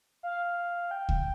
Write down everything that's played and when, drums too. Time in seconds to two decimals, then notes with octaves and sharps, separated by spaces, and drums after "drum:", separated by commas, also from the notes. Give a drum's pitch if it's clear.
0.23 F5
0.91 G5
1.09 drum: kick C#2